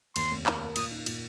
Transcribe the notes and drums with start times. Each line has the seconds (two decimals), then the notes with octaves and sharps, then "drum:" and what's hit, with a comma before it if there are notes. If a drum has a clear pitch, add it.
0.16 D#2 C6, drum: cymbal
0.31 F1
0.46 A#3, drum: clap
0.61 A#3
0.76 A#2 D#6, drum: cymbal
0.91 D#4
1.06 A#2, drum: cymbal